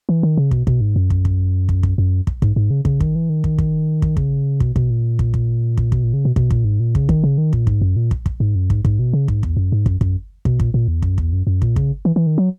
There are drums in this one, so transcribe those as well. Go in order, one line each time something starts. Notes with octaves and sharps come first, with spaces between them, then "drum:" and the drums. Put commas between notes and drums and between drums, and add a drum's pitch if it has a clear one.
E3
D#3
C#3
B2, drum: kick
B2, drum: kick
G#2
F#2
drum: kick
drum: kick
drum: kick
drum: kick
F#2
drum: kick
G#2, drum: kick
G#2
C#3
C#3, drum: kick
D#3, drum: kick
E3
D#3
drum: kick
drum: kick
drum: kick
C#3, drum: kick
B2, drum: kick
B2, drum: kick
A#2
drum: kick
drum: kick
drum: kick
B2, drum: kick
A#2
C#3
B2
B2, drum: kick
A#2, drum: kick
G#2
A#2
C#3, drum: kick
D#3, drum: kick
C#3
D#3
A#2, drum: kick
G#2, drum: kick
F#2
A#2
drum: kick
drum: kick
G#2
F#2
G#2, drum: kick
G#2, drum: kick
B2
C#3
G#2, drum: kick
E2, drum: kick
F#2
G#2
F#2, drum: kick
F#2, drum: kick
B2, drum: kick
A#2, drum: kick
A#2
E2
F#2, drum: kick
E2, drum: kick
F#2
F#2
A#2, drum: kick
C#3, drum: kick
E3
E3
D#3
F#3